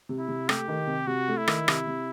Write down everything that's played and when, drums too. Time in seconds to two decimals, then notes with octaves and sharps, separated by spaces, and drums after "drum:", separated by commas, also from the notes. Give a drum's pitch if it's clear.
0.09 C3
0.19 E4
0.28 C3
0.49 A3 G4, drum: rim click
0.68 D#3
0.87 C3
1.07 C3 F#4
1.28 A3
1.37 E4
1.48 D#3, drum: rim click
1.68 C3, drum: rim click
1.87 C3